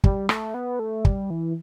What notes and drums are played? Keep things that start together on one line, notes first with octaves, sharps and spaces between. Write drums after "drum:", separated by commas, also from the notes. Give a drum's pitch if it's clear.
G3, drum: kick
A3, drum: rim click
B3
A3
G3, drum: kick
E3